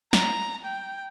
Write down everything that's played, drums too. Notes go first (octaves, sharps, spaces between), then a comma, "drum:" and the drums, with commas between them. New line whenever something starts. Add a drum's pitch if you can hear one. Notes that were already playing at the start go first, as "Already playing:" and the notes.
A#5, drum: snare
G5